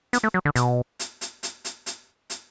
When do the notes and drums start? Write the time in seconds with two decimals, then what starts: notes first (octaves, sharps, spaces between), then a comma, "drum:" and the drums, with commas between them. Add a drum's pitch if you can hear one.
0.13 B3, drum: hi-hat
0.23 A3
0.34 F#3
0.45 D3
0.56 B2, drum: hi-hat
1.00 drum: hi-hat
1.21 drum: hi-hat
1.43 drum: hi-hat
1.65 drum: hi-hat
1.86 drum: hi-hat
2.30 drum: hi-hat